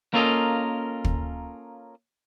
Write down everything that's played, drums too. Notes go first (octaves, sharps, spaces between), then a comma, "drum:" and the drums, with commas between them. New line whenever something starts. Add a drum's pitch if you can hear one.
A#3 C#4 F4 A4 A#4 D#5
drum: kick